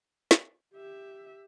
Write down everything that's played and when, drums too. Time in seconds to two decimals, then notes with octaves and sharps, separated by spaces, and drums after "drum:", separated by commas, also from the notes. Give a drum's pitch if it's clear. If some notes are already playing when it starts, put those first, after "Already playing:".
0.31 drum: snare
0.74 G4 E5